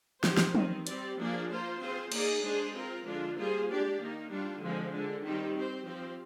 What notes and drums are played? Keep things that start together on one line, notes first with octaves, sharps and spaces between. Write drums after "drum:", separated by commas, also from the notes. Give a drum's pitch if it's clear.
C4 G4 C5, drum: snare
drum: snare
D#3 G3 C4, drum: tom
G3 C4 G4 D5, drum: hi-hat
F3 A#3 D4 G#4 D5
A#3 F4 C5
C4 F4 G#4 C5
A#3 D#4 G#4 D5, drum: cymbal
G#3 D4 G#4 C5
C4 F4 A#4
D3 F3 G#3 D4 F4
G3 A#3 F4 G#4 C5
G#3 D4 G4 D5
D#3 A#3 D#4
G3 D4 F4
D3 F3 G#3 C4
D3 G#3 D4
D#3 G3 C4 G4
C4 G4 C5
F3 C4 G4 C5